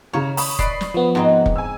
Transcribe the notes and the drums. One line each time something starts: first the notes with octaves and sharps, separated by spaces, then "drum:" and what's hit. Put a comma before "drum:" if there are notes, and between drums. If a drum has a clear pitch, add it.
C#3 C#5 A#5
B5 C#6 D#6, drum: open hi-hat
B4 D5 C7, drum: kick
drum: snare
F3 B3
G#2 C4 D#4 F#5 A#5
drum: kick
G#5 E6